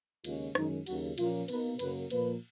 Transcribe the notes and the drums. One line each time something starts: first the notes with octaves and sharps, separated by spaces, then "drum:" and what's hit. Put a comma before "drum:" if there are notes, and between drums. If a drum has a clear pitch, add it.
D#2 C#3 G#3 C#4 F4, drum: cymbal
F#2 D#3 G#3 C#4 D#4, drum: rim click
D#2 C#3 F#3 F#4, drum: cymbal
A#2 F3 A#3 C#4 F4, drum: cymbal
B2 A#3 D#4 B4, drum: cymbal
F#2 C#3 F#3 A#3 B4, drum: cymbal
A#2 F3 A#3 B4, drum: cymbal